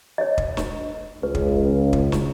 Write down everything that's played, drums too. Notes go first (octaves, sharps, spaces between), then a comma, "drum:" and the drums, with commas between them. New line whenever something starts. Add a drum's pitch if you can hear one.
C#5 D#5
drum: kick
drum: snare
C#2 B4
drum: kick
drum: kick
drum: snare